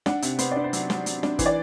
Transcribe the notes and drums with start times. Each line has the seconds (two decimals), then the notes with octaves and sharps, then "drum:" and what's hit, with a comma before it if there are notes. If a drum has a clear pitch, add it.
0.06 D4 F#5, drum: snare
0.22 C3, drum: hi-hat
0.39 B3 C5, drum: hi-hat
0.51 D4 D5
0.64 C5
0.73 F#3, drum: hi-hat
0.90 F#3, drum: snare
1.06 F#3, drum: hi-hat
1.23 D4, drum: snare
1.39 E3 C5, drum: kick, hi-hat
1.46 D5